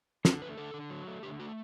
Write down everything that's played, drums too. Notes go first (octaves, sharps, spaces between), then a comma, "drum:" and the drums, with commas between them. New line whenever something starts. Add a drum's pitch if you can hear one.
D3 C5, drum: snare
A3 B4
D3 A4
D3
F#3
A3
D3 G4
A3 F#4